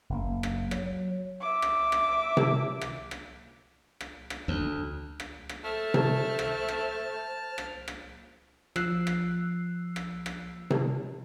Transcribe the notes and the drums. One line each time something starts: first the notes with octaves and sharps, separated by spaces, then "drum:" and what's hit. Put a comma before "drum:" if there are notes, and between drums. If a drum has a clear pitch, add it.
F#1 A#3
drum: rim click
F#3, drum: rim click
E5 D6
drum: rim click
drum: rim click
drum: tom C3
drum: rim click
drum: rim click
drum: rim click
drum: rim click
D2
drum: rim click
drum: rim click
A3 C5 A5 F6
drum: tom C3
drum: rim click
drum: rim click
drum: rim click
drum: rim click
F3 E6 F#6 C7, drum: rim click
drum: rim click
drum: rim click
drum: rim click
drum: tom C3